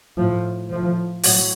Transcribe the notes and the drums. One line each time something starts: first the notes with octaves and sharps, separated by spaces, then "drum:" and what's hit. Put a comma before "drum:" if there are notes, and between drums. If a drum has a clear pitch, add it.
A2 F3
A2 F3
A2 F#3, drum: open hi-hat